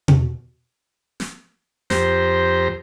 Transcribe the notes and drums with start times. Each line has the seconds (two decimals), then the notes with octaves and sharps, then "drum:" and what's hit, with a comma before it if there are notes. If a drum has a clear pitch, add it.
0.08 drum: tom B2
1.20 drum: snare
1.90 F2 G4 C5 A#5, drum: snare